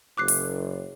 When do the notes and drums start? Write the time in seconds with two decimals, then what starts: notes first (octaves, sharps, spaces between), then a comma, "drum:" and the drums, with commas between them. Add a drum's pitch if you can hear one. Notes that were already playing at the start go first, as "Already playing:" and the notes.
0.17 F#1 D6 F#6 C7
0.28 drum: open hi-hat